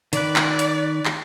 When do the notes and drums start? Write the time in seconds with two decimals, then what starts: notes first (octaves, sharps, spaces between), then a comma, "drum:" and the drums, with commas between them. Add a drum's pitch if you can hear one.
0.13 D#3 B4 D5, drum: hi-hat
0.36 drum: clap
0.59 drum: hi-hat
1.05 drum: clap